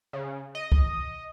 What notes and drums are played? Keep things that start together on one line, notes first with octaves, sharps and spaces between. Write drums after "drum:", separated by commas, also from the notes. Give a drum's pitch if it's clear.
C#3
D#5
drum: kick